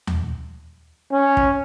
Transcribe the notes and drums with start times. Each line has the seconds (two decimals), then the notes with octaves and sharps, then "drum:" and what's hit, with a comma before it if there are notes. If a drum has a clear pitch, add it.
0.07 drum: tom D#2
1.12 C#4
1.37 drum: kick